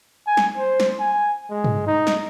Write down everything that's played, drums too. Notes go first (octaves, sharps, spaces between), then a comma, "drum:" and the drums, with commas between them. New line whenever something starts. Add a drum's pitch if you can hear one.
G#5
drum: snare
C5
drum: snare
G#5
G#3
drum: tom
D#4
drum: snare